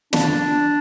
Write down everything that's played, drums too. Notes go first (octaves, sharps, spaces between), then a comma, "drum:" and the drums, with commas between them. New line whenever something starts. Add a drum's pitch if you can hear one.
D4, drum: snare